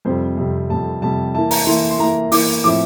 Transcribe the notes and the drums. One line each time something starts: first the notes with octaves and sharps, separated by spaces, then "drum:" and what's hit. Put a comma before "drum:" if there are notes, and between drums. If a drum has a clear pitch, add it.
F2 C3 G3 C5
F2 C3 G3
F2 C3 G3 A5
F2 C3 G3 A5
E3 A#3 E4 A5
A#5, drum: open hi-hat
E3 A#3 E4 C6
C6
E3 A#3 E4 A#5
E3 A#3 E4 D6, drum: open hi-hat
A2 F3 C4 E4 D6